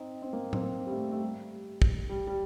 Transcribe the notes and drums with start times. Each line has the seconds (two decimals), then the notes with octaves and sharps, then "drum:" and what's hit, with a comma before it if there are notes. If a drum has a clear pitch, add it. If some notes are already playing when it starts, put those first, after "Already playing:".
Already playing: C4 D#4
0.22 C4
0.33 A#3
0.53 C4, drum: tom
0.63 A#3
0.86 G3
0.91 A3
1.12 A3
1.22 G3
1.82 drum: kick
2.09 G3
2.27 G3